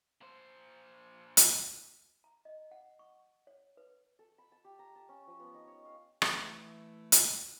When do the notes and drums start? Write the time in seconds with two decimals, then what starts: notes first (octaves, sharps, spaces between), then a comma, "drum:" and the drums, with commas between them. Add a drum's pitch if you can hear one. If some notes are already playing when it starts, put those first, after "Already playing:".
0.21 A#2 C5
1.37 drum: hi-hat
2.24 A#5
2.45 D#5
2.71 F#5
2.99 C#6
3.47 C#5
3.77 B4
4.19 A4
4.38 B5
4.52 A5
4.64 G4
4.79 A#5
4.95 A5
5.09 C#4
5.27 F3
5.40 B3
5.54 D#4
5.67 C#5
5.85 F5
6.22 E3 A3, drum: rim click
7.12 drum: hi-hat